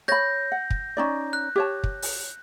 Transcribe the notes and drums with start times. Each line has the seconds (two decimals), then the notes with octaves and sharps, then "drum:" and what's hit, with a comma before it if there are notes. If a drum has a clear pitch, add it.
0.08 C#5 B5 G6 A#6
0.52 F#5
0.70 drum: kick
0.97 C#4 D#4 D5
1.33 F#6
1.56 G4 C#5 A5
1.84 drum: kick
2.02 drum: open hi-hat